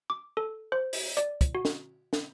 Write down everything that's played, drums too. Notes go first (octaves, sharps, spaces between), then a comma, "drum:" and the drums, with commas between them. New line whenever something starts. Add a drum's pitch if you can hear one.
D6
A4
C5
drum: open hi-hat
D5, drum: hi-hat
drum: kick, hi-hat
F#4
drum: snare
drum: snare